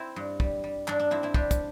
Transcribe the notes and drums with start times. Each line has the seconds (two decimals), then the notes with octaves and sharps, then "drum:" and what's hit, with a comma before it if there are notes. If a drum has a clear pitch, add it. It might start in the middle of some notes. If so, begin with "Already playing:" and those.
Already playing: C4 E4
0.16 G2
0.40 G3, drum: kick
0.64 G3
0.88 G2 D4, drum: clap
1.00 D4
1.11 G2 C4 E4
1.23 C4 E4
1.34 G3 D4 G4, drum: kick
1.51 drum: kick, hi-hat